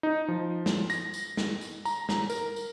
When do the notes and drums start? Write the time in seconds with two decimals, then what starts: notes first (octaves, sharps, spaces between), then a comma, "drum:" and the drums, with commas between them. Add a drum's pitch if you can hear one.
0.03 D#4
0.28 F3
0.66 drum: snare
0.90 A#6, drum: tambourine
1.14 drum: tambourine
1.37 drum: snare
1.61 drum: tambourine
1.85 A#5, drum: tambourine
2.09 drum: snare
2.30 A#4, drum: tambourine
2.56 drum: tambourine